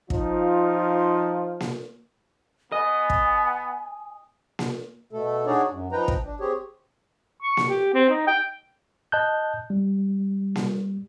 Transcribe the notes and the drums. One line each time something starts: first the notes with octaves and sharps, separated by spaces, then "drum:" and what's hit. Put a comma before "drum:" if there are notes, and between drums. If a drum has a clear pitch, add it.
F3 D#4 F4, drum: kick
drum: snare A#3
B3 D#5 G#5
drum: kick
drum: snare A#3
B2 A3 A4
D4 D#4 F#4 G#4 C#5 D5
F#2
F3 D#4 B4 G5 A#5
drum: kick
D4
C4 G4 G#4 C#5
C#6
drum: snare A#3
G4
C4
D#4
G5
D#5 A5 F#6 G6
G3
drum: snare A#3